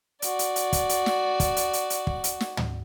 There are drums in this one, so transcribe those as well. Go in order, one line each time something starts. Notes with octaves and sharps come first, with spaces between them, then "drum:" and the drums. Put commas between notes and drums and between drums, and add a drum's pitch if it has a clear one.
F#4 D5, drum: hi-hat
drum: hi-hat
drum: hi-hat
drum: kick, hi-hat
drum: hi-hat
drum: snare
drum: kick, hi-hat
drum: hi-hat
drum: hi-hat
drum: hi-hat
drum: kick
drum: hi-hat
drum: snare
drum: tom